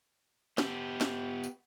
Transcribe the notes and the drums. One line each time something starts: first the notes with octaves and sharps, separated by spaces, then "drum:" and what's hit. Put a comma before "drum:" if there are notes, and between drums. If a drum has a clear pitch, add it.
B3 G4, drum: snare
drum: snare
drum: tambourine